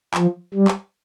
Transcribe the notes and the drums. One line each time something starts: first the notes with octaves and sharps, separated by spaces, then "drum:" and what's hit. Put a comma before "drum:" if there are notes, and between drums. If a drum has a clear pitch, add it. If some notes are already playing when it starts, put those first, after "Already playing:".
F3, drum: clap
G3
drum: clap